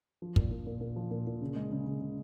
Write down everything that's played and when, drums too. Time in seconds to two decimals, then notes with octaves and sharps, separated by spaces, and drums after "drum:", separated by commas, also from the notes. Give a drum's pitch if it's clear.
0.22 F3
0.36 A#2, drum: kick
0.51 A#2
0.67 A#2
0.81 A#2
0.96 F3
1.11 A#2
1.27 A#2
1.41 C#3
1.56 G#3
1.71 C#3
1.87 C#3
2.01 C#3